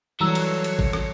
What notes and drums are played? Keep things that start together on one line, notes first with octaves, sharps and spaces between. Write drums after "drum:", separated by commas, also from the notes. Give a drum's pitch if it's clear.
E3 F#3 G3 A4 C#5 A#5 E6
drum: cymbal
drum: cymbal
drum: kick G#1
drum: rim click